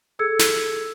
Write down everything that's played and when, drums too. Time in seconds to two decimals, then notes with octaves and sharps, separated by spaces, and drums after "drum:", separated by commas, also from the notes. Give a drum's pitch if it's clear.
0.19 G#4 A4 E6 G#6 C#7
0.39 drum: snare